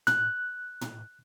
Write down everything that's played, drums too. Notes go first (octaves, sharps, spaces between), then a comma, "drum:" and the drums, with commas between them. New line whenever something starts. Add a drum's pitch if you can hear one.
F#6, drum: tom
drum: tom